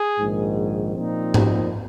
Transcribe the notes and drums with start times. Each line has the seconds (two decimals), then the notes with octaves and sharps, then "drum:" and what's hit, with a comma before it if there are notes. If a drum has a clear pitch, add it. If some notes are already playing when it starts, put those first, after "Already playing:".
Already playing: G#4
0.19 A#1 G#2 D#3
0.96 A#2 F3 C4 D#4
1.34 G4, drum: tom G#2